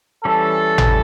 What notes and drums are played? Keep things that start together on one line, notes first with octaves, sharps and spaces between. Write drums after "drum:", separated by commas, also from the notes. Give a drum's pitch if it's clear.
E3 G3 C#4 A4
drum: tom G#1